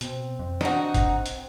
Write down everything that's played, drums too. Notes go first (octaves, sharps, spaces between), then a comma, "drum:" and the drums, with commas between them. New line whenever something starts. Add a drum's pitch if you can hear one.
B2 C4, drum: hi-hat
F2
D4 D#4 F#4, drum: snare
drum: kick, hi-hat
drum: hi-hat